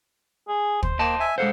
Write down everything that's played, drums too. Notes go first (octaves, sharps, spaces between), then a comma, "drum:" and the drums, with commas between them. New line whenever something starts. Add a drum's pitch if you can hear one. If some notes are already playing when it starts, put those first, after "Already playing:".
G#4
C5, drum: kick
A#3 D#5 G5 A5
E5 G#5
G#3 A4 C5 F5 F#5